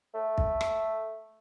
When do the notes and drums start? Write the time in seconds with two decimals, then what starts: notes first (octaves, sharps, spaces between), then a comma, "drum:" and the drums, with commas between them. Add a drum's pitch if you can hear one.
0.15 A3
0.38 drum: kick
0.61 drum: rim click